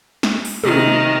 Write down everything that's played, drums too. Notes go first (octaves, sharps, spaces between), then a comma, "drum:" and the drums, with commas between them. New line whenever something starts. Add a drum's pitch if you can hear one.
drum: snare
drum: open hi-hat
C3 D#3, drum: tom